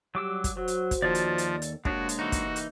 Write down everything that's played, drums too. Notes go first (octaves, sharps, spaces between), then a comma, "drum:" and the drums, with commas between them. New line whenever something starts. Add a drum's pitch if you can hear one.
F#3 G3 G4 D6 E6
drum: kick, hi-hat
F#3 F#4 C5
drum: hi-hat
drum: kick, hi-hat
D#2 F3 A4 C#5 D5
drum: hi-hat
drum: hi-hat
drum: hi-hat
C3 G#3 A#3 D4 F#4 C#5, drum: kick
drum: hi-hat
E3 D#4 F#4
drum: kick, hi-hat
drum: hi-hat